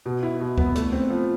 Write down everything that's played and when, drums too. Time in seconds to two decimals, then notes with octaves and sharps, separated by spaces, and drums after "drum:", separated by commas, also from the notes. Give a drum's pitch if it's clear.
0.06 B2
0.23 E4
0.40 B2
0.58 B3, drum: kick C#2
0.75 A3, drum: hi-hat
0.92 C4
1.10 F3